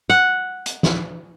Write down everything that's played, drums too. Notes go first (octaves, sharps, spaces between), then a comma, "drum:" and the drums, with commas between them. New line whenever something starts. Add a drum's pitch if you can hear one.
F#5
drum: hi-hat
drum: snare